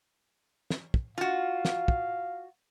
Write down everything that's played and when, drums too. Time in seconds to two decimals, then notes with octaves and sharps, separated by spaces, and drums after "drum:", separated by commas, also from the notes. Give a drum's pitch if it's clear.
0.70 drum: snare
0.94 drum: kick
1.18 F4 F#4 F5
1.65 drum: snare
1.88 drum: kick